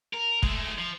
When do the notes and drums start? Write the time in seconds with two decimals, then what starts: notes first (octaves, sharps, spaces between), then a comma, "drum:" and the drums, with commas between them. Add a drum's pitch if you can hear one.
0.13 A#4
0.43 G#3 A3, drum: kick
0.78 F3